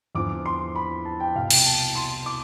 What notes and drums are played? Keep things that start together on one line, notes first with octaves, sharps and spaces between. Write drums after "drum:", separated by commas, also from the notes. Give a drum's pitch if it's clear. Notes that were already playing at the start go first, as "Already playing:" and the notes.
E2 D3 F3 D6
C6
B5
A5
G5
C2 B2 F5
G5, drum: cymbal
A5
C6
D6